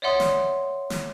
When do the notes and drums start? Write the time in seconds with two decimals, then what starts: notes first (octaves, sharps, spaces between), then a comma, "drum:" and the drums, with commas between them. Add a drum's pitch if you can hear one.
0.02 C#5 D5 E5 F#5 C6 D#6
0.20 drum: snare
0.90 drum: snare